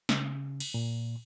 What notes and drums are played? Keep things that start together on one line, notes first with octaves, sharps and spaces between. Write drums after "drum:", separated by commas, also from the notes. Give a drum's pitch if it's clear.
C#3, drum: snare
drum: cymbal
A#2